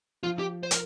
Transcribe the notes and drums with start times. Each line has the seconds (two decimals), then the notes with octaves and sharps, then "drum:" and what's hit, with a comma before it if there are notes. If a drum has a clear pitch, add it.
0.23 F3 F4
0.39 G4
0.63 C5
0.71 A#4, drum: hi-hat